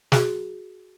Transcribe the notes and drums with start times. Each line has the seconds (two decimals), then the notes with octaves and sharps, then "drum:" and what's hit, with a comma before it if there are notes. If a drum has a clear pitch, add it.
0.12 F#4 G#4, drum: snare